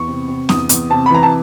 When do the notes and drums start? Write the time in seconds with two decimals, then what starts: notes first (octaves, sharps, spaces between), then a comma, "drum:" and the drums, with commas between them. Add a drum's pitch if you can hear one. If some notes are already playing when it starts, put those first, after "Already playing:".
Already playing: E2 C#6
0.08 C3
0.28 C3
0.49 E2 D#6, drum: snare C4
0.69 E2, drum: hi-hat
0.90 C3 A5
1.06 B5
1.10 E3 A#5
1.23 A5